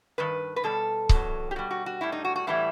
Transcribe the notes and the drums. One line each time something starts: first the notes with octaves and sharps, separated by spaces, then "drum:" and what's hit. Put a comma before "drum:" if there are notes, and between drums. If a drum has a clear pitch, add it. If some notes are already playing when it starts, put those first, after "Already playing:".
G2 D#3 B4
B4
B2 G3 A4
E2 B2 F#3, drum: kick C#1
G4
B2 G3 F#4
F#4
F#4
A2 G3 E4
D#4
F#4
F#4
A2 E3 G3 E4